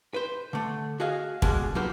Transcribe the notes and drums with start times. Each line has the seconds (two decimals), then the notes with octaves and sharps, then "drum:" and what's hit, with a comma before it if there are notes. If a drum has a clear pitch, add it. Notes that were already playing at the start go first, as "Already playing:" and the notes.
0.14 B4 C5
0.53 D3 A3
1.00 F#4 G#4 D#5 F5
1.42 B2 D3 G#3, drum: kick
1.75 F#3 A#3 B3 F4 C5 B5